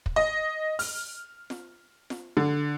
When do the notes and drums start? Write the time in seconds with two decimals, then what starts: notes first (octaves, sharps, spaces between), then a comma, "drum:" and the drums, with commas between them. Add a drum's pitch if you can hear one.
0.06 drum: kick
0.16 D#5
0.79 F6, drum: open hi-hat
1.50 drum: snare F4
2.10 drum: snare F4
2.37 D3